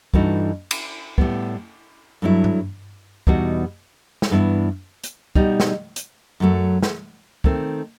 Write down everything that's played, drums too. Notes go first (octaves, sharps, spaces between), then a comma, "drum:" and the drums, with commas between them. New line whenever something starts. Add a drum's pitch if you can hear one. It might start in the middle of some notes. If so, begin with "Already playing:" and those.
G2 E3 A3 D#4 F#4, drum: kick
drum: cymbal
A2 G3 B3, drum: kick
G2 F#3 A3 E4
drum: tom G2
E2 B2 G3 D#4 F#4, drum: kick
drum: snare
G2 E3 B3 E4
drum: hi-hat
B2 G3 D#4, drum: kick
drum: snare
drum: hi-hat
F#2 F#3 A3
drum: snare
D#3 A3 C4, drum: kick